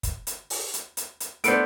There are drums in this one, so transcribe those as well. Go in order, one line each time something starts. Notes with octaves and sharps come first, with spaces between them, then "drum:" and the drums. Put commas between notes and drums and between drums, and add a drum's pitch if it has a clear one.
drum: kick, hi-hat
drum: hi-hat
drum: open hi-hat
drum: hi-hat
drum: hi-hat
drum: hi-hat
A3 B3 D4 C5 C#7 D7, drum: hi-hat